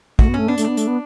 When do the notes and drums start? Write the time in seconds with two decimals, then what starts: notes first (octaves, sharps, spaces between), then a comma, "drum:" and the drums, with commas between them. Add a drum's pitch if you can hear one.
0.19 A3 F#4, drum: kick
0.29 B3
0.34 A3 C#4
0.48 B3 D4
0.58 A3, drum: hi-hat
0.64 B3 D4
0.77 A3, drum: hi-hat
0.88 B3